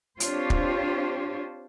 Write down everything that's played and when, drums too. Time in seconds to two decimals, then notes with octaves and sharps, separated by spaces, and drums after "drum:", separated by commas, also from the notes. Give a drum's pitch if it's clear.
0.20 C4 D4 F4 G4 C5 C#5, drum: hi-hat
0.50 drum: kick